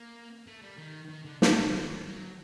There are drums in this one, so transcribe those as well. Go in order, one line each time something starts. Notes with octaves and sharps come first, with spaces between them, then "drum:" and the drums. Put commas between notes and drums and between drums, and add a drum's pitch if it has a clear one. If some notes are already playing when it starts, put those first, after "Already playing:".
Already playing: A#3
A3
G3
D#3
D#3
D3
D3, drum: snare
D#3
F#3